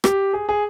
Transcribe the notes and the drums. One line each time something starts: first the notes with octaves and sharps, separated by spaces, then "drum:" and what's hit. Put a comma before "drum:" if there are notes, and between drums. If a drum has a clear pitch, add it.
G4, drum: rim click
G#4
G#4